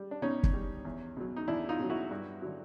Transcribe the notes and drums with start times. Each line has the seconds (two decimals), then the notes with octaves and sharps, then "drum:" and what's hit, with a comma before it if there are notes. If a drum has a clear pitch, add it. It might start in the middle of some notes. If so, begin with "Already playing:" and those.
Already playing: G3
0.11 D4
0.22 B2 C#4 D#4
0.43 drum: kick
0.53 G3
0.85 E2
1.17 B2 F#3
1.37 D#4
1.48 E2 D4 E4
1.69 D#4 F4
1.79 B2 F#3
1.90 E4 F#4
2.11 G2
2.42 D3 F#3